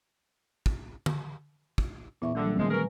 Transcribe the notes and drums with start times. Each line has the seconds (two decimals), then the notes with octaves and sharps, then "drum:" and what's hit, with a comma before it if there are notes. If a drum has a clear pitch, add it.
0.66 drum: kick
1.06 drum: tom D3
1.78 drum: kick
2.22 E2 A#2 E5 C#6
2.35 A#1 D3 E3 F#3 G3
2.57 A#2 D#3 F3 G#3 A3 C4
2.70 F#4 G#4 A#4 B4 G#5